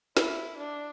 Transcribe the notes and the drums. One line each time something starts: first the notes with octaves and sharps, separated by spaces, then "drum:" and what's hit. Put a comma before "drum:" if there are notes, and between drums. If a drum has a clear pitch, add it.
E4, drum: snare
D4